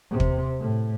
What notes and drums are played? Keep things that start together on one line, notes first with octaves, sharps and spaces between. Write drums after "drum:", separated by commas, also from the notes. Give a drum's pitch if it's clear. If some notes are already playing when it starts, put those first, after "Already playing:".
C3
drum: kick
A2